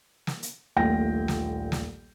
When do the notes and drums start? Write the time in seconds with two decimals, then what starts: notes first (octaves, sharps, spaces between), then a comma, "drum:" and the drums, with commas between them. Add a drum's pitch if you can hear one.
0.27 drum: snare
0.43 drum: hi-hat
0.76 D#1 A#1 A3 F4 G5 A#6
1.28 drum: snare
1.72 drum: snare